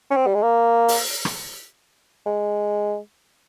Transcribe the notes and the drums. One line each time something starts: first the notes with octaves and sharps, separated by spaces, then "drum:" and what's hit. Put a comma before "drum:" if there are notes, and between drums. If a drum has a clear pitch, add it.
C#4
C4
G3
G#3
A#3
drum: open hi-hat
drum: rim click
G#3